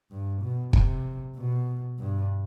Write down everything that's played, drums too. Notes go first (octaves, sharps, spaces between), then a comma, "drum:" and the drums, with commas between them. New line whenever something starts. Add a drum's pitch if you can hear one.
G2
B2
C3, drum: kick
B2
G2